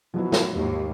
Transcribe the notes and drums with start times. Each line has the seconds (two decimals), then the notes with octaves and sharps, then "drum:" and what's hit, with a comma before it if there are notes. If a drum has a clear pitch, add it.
0.14 B2 F3 F#3 E4
0.32 drum: snare
0.55 D#2 G#2 G4